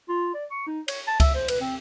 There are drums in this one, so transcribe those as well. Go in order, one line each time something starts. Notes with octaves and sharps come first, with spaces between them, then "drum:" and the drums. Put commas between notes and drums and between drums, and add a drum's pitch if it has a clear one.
F4
D5
C#6
D#4
C#5, drum: cymbal
A5
E5, drum: kick C#2, cymbal
C5
B4, drum: cymbal
C4